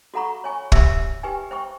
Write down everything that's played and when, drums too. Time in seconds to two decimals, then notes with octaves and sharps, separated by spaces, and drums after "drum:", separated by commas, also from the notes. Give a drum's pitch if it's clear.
0.14 F#4 A4 F#5 A#5 B5 C#6
0.44 C#5 G#5 C#6
0.72 G4 E5 E6, drum: kick
1.23 G4 B4 G5 G#5
1.51 C5 G5 C#6